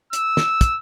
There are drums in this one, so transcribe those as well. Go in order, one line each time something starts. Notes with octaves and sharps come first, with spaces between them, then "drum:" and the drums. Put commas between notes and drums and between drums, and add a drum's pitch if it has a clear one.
E6, drum: hi-hat
drum: snare
drum: kick, hi-hat